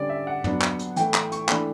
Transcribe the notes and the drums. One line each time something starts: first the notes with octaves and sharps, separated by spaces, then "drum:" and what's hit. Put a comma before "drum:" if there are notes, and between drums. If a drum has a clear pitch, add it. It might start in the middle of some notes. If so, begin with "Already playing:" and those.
Already playing: D3 G3 C#4 D5
E5
F#5
F#3 B3 D4, drum: tom
drum: clap
drum: hi-hat
E3 A3 E4 G5, drum: hi-hat
drum: clap
C#6, drum: hi-hat
E3 A3 D4 B5, drum: clap